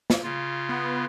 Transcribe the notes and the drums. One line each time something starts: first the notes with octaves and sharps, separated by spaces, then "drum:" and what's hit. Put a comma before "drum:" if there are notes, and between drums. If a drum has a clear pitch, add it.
drum: snare
C#3 F4
B3